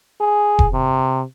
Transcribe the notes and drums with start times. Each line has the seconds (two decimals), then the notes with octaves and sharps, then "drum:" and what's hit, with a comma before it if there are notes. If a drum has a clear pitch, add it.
0.21 G#4
0.59 drum: kick E1
0.73 C3